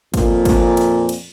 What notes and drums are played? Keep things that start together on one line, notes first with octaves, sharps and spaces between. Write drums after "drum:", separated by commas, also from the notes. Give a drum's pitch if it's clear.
F2 A#2, drum: kick, cymbal
drum: kick, cymbal
drum: cymbal
drum: cymbal